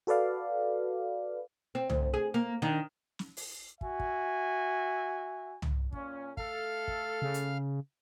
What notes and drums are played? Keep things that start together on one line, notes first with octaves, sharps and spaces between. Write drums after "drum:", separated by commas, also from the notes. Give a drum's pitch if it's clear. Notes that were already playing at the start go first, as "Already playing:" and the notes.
F#4 A4 B4 D5 F5
C4
D2, drum: tom
G#4
A#3
D#3 D4
drum: snare
drum: open hi-hat
F#4 E5 G#5, drum: kick
drum: kick
drum: tom
A#2 C#4, drum: kick
A3 A4 F5 F6, drum: kick
drum: kick
C#3
drum: hi-hat